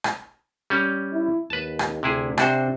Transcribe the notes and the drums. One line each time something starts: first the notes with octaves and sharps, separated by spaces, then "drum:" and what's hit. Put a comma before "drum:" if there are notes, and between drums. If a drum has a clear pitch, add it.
drum: rim click
G3 C#4
E4
D#2 B4 A5
drum: rim click
D2 C3 E4 G#4
C3 D4 F#4 C5, drum: rim click